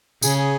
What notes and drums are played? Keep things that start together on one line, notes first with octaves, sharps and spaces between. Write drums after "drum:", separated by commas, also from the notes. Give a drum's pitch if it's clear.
C#3 G#4, drum: tambourine
G#4